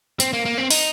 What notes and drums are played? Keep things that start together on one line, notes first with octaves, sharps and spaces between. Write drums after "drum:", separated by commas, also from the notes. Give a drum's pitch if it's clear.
C4, drum: hi-hat
A#3
A#3
C4
D#4, drum: open hi-hat